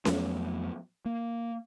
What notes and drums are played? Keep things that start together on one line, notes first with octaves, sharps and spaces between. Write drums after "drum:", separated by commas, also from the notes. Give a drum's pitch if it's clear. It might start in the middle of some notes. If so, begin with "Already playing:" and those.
F2 F#3 A3 B3, drum: snare C#4
A#3